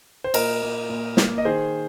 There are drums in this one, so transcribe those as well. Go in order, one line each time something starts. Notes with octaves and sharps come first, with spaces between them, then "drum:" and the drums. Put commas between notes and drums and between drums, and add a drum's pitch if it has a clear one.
C5
A#2 A#4 D#5, drum: cymbal
A#3
A#2
A#3, drum: snare
D#5
D#3 G#4 C5